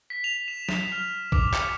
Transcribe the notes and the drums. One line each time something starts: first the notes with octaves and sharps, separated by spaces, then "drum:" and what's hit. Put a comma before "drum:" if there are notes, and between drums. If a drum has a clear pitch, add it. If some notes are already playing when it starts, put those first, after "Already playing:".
B6
F7
E7
drum: snare
F6
D6, drum: kick A1
C#7, drum: clap